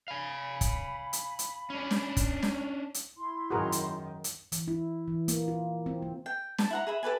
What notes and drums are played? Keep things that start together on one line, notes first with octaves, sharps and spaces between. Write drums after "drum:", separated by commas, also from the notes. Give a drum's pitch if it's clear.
F5 G#5 B5
drum: kick, hi-hat
drum: hi-hat
drum: hi-hat
C#4 D4
drum: snare
drum: kick, hi-hat
drum: snare
drum: hi-hat
E4 C6
F#2 D#3 F#4 G#4 A#4
drum: hi-hat
drum: hi-hat
E3, drum: hi-hat
E4
E3
A#3, drum: hi-hat
F4
C4
A#3
G5
A5, drum: snare
E4 F#5 A#5
G#4 E5 B5
G4 A4 B4 G#5